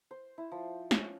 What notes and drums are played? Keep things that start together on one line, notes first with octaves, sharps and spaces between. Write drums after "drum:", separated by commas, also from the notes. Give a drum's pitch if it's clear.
C5
E4
F3
C#4, drum: snare